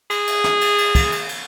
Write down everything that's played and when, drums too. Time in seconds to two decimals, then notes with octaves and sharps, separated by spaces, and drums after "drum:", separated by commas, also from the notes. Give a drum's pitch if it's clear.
0.10 G#4, drum: cymbal
0.27 drum: cymbal
0.44 drum: snare
0.61 drum: cymbal
0.78 drum: cymbal
0.95 drum: kick, cymbal
1.12 drum: cymbal
1.29 drum: cymbal